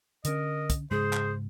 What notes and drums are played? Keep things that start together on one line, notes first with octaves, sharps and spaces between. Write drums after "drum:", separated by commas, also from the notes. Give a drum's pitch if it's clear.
D3 C#4 A#4 D#5, drum: hi-hat
drum: kick, hi-hat
G#2 C#3 G#3 G#4 C5
drum: clap